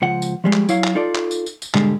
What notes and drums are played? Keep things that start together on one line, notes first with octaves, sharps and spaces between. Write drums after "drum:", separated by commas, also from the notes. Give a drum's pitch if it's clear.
C#2 F3 F#5
drum: tambourine
F3 G3 G#3
drum: clap
F#3 E4 C#5 F5, drum: tambourine
drum: clap
D#4 F4 A4 D5
drum: clap
drum: tambourine
drum: tambourine
drum: tambourine
G#2 B2 D3 G3 G#3, drum: clap